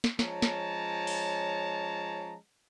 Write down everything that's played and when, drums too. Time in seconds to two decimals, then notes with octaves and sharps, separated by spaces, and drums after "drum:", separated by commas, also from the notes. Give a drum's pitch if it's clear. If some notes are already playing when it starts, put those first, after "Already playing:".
0.04 drum: snare
0.19 F3 G#3 C#4 C#5 A5 A#5, drum: snare
0.42 drum: snare
1.07 drum: open hi-hat